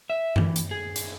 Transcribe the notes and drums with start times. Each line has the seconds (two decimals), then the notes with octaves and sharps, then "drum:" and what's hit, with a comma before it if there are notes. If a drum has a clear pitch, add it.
0.10 E5
0.36 E3, drum: tom F#2
0.56 drum: hi-hat
0.71 G#4
0.96 drum: hi-hat